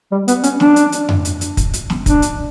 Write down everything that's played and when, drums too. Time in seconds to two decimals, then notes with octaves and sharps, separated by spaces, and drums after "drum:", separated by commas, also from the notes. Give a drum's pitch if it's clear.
0.12 G3
0.28 B3, drum: hi-hat
0.43 C#4, drum: hi-hat
0.60 D4, drum: snare
0.76 drum: hi-hat
0.92 drum: hi-hat
1.09 drum: tom F2
1.25 drum: hi-hat
1.41 drum: hi-hat
1.57 drum: kick, hi-hat
1.73 drum: hi-hat
1.90 drum: snare
2.06 D4, drum: kick, hi-hat
2.22 drum: hi-hat